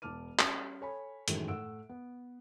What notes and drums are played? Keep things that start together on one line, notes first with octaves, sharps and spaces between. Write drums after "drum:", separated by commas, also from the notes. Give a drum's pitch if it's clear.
E1 A5 D6 F6 D#7
G3 C#4, drum: clap
A4 C#5 G#5 B5
F#2 A2 D#3 E3 G#3, drum: hi-hat
A2 F#5 E6 D7
B3